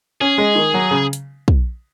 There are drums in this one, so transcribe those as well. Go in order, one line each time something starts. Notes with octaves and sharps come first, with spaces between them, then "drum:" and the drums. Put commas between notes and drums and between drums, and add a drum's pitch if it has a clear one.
C#4 G#4
G#3
D#3
F#3
C#3
drum: hi-hat
drum: kick